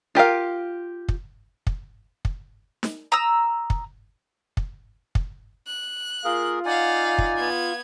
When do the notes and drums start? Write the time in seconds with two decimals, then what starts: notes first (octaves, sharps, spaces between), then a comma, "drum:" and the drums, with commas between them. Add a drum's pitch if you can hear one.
0.15 F4 G4 A#4 F5
1.09 drum: kick
1.67 drum: kick
2.25 drum: kick
2.83 drum: snare
3.12 A#5 D#6 E6
3.70 drum: kick
4.57 drum: kick
5.15 drum: kick
5.67 F#6
6.25 A#3 F4 G#4 A#4
6.65 D#4 D5 F5 F#5 G#5
7.18 drum: kick
7.37 B3 G#6